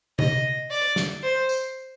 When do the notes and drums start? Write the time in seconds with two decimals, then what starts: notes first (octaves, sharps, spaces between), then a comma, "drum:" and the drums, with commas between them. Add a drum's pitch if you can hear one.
0.19 D#5, drum: tom C3
0.71 D5
0.96 drum: snare
1.23 C5
1.49 drum: tambourine